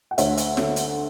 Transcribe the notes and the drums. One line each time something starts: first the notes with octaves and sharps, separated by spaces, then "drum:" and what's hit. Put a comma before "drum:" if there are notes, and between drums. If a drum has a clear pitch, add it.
F#5
D2 C#5 E5, drum: hi-hat
drum: hi-hat
D3, drum: snare
drum: hi-hat